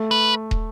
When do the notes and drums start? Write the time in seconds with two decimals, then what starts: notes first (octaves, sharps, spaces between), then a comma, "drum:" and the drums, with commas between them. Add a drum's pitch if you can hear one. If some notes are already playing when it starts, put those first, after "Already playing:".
Already playing: A3
0.11 B4
0.51 drum: kick